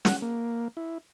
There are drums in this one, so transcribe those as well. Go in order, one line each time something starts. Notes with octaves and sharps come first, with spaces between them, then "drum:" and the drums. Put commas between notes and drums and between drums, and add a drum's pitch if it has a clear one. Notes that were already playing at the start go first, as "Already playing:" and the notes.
F#5, drum: snare
A#3
E4